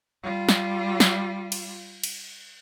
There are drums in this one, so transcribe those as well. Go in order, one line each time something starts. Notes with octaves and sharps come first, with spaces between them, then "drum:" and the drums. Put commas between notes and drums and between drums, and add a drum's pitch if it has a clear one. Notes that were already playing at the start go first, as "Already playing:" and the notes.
G3 F4
drum: snare
drum: snare
drum: cymbal
drum: cymbal